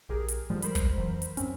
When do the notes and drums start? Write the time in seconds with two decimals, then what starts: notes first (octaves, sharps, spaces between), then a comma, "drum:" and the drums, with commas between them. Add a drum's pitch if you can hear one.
0.09 A#1 G4 G#4 A#4
0.28 drum: hi-hat
0.50 G2 A#2 D3 F3 G3 G#3
0.62 A#4 C5 B5, drum: hi-hat
0.75 drum: kick, hi-hat
0.97 F2 E3 F#3
1.22 drum: hi-hat
1.37 F#2 C4 C#4, drum: hi-hat